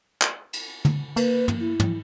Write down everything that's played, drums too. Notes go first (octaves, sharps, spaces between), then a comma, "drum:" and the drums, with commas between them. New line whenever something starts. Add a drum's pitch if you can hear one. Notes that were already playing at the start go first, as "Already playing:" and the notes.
drum: clap
drum: cymbal
drum: tom
A#3 B4, drum: cymbal
drum: tom
E4
drum: tom